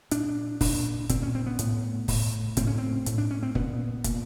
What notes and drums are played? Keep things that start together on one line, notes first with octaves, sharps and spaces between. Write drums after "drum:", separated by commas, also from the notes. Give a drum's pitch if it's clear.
A#2 D4, drum: hi-hat
A#2 D4, drum: kick, open hi-hat
A#2 C4, drum: kick, hi-hat
C#4
C4
B3
A2, drum: hi-hat
A2, drum: kick, open hi-hat
A2 C4, drum: kick, hi-hat
C#4
C4
A2, drum: hi-hat
D4
C#4
C4
A#2 B3, drum: kick
A#2, drum: kick, hi-hat